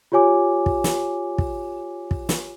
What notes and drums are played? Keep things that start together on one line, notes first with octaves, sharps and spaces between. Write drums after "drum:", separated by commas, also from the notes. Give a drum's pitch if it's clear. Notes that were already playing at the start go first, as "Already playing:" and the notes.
F4 G4 C#5 G#5 D6
drum: kick
drum: snare
drum: kick
drum: kick
drum: snare